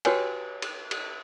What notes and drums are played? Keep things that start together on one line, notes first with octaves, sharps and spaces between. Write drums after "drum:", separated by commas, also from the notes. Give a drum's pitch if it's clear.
F#4 G4 B4 C#5 G5 G#5, drum: cymbal
drum: cymbal
drum: cymbal